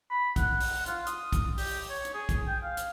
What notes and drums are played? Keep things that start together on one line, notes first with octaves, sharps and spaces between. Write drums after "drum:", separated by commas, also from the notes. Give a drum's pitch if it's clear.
B5
F#5, drum: kick, hi-hat
drum: open hi-hat
F4, drum: hi-hat
D#6, drum: hi-hat
drum: kick, hi-hat
G4, drum: open hi-hat
C#5
drum: hi-hat
G#4
drum: kick, hi-hat
G5
F5
drum: hi-hat